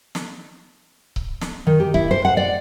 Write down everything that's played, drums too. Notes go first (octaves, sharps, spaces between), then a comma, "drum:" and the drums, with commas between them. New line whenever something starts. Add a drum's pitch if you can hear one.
drum: snare
drum: kick C#1
drum: snare
D#3
G4
E4, drum: kick C#1
C5
F#5
D5